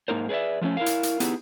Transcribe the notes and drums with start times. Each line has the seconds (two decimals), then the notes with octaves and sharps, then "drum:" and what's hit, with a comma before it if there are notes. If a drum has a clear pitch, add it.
0.08 G#2 A#3 D#4 A#4 C5
0.29 G#4 B4 C#5 D5 E5
0.61 F3 A3 C4 C#4
0.77 E4 A#4 F5
0.86 drum: hi-hat
1.03 drum: hi-hat
1.20 B3 D#4 E4 G4 G#4, drum: hi-hat